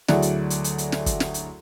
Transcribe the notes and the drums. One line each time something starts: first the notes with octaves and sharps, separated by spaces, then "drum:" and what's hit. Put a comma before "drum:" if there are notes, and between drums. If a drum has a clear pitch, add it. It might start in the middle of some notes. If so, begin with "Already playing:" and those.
D2 F#3 E4 G#4 D5 F#5, drum: snare
drum: hi-hat
drum: hi-hat
drum: hi-hat
drum: hi-hat
drum: snare
drum: kick, hi-hat
drum: snare
drum: hi-hat